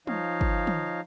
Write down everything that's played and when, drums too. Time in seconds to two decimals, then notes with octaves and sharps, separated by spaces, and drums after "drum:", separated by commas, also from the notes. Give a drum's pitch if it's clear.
0.07 F3 D#4 C#5 D#5 F5, drum: tom
0.41 drum: kick
0.67 drum: tom